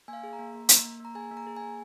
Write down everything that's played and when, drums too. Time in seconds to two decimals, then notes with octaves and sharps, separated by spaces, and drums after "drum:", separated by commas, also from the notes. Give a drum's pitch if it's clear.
0.08 A#3 G#5
0.13 F5
0.23 G#4
0.33 A#5
0.39 A#3
0.54 A#3
0.69 A#3, drum: hi-hat
0.85 A#3
1.00 A#3 A#5
1.15 G#4 G#5
1.31 A#3
1.37 A#5
1.47 G#4
1.57 G#5
1.62 A#3